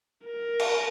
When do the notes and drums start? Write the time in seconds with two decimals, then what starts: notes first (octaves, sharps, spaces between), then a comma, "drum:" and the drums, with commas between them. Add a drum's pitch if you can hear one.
0.25 A#4
0.59 drum: cymbal